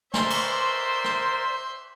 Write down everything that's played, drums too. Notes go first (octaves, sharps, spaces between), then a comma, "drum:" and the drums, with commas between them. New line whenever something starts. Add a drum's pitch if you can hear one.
A#4 C5 D5 E5 C6, drum: snare
drum: cymbal
drum: rim click